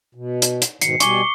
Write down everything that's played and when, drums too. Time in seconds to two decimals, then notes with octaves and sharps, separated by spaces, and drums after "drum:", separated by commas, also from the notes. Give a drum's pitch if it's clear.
0.15 B2
0.42 drum: hi-hat
0.62 drum: hi-hat
0.81 G#2 B2 D#3 C7 C#7, drum: hi-hat
1.00 B2 G3 G#5 C#6 D6 G7, drum: hi-hat